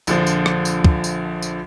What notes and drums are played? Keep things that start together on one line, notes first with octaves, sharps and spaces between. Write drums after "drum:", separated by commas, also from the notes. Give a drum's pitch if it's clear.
A#1 D3 F3, drum: tambourine
drum: tambourine
drum: rim click
drum: tambourine
drum: kick
drum: tambourine
drum: tambourine